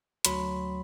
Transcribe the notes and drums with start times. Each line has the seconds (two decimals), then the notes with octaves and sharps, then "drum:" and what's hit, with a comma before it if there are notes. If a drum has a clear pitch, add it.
0.25 D2 F#3 B5 C6, drum: hi-hat